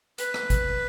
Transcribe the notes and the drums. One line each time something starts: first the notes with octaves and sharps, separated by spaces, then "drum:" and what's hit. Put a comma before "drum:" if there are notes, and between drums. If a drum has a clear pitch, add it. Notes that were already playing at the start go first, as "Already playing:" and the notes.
B4, drum: hi-hat
drum: rim click
drum: kick, hi-hat